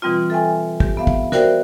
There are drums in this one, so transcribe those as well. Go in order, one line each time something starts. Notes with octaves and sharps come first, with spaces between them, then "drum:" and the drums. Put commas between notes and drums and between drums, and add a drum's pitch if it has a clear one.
B2 E3 G3 C4 F4
A4 E5 G5 G#5
G4, drum: kick
B3 E5 F5
drum: kick
F#4 A#4 C5 D5 E5 G5, drum: snare